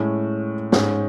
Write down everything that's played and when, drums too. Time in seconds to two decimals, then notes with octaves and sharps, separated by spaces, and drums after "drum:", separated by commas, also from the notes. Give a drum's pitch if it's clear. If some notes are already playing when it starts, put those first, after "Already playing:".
Already playing: A2 G#3 C#4
0.72 G#2 G#3 C#4, drum: snare